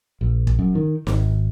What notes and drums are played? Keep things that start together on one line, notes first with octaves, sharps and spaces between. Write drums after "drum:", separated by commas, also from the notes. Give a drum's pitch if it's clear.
A#1
drum: kick
F#2
D#3
G#1, drum: snare